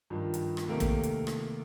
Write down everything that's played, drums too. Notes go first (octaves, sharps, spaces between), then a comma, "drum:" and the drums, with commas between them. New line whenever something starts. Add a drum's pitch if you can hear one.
G2 D#3 F3
drum: hi-hat
drum: rim click
C3 D#3 A3 A#3 A4 A#4
drum: kick, hi-hat
drum: hi-hat
drum: rim click